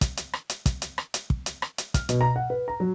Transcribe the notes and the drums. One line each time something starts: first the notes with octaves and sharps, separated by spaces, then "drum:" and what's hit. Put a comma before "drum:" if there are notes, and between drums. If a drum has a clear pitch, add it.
drum: kick, hi-hat
drum: hi-hat
drum: rim click
drum: hi-hat
drum: kick, hi-hat
drum: hi-hat
drum: rim click
drum: hi-hat
drum: kick
drum: hi-hat
drum: rim click
drum: hi-hat
F6, drum: kick, hi-hat
B2, drum: hi-hat
A#5
F#5
B4
A#5
F#3